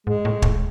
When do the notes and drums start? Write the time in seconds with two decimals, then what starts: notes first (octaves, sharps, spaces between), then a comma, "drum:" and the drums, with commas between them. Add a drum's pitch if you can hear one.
0.07 G#2 G#3
0.25 A2
0.42 A2, drum: kick